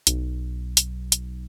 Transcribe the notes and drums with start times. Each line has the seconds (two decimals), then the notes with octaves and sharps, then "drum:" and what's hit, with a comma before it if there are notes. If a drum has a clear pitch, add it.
0.07 B1, drum: hi-hat
0.77 drum: hi-hat
1.12 drum: hi-hat